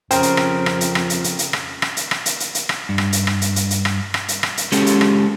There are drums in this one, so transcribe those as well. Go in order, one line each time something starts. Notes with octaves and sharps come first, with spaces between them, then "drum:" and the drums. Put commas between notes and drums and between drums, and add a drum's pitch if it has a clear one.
F2 C#3 A#4 C5 G5, drum: hi-hat
drum: hi-hat
drum: rim click
drum: rim click
drum: hi-hat
drum: rim click
drum: hi-hat
drum: hi-hat
drum: hi-hat
drum: rim click
drum: rim click
drum: hi-hat
drum: rim click
drum: hi-hat
drum: hi-hat
drum: hi-hat
drum: rim click
G2
drum: rim click
drum: hi-hat
drum: rim click
drum: hi-hat
drum: hi-hat
drum: hi-hat
drum: rim click
drum: rim click
drum: hi-hat
drum: rim click
drum: hi-hat
G#3 C#4 G4 A4, drum: hi-hat
drum: hi-hat
drum: rim click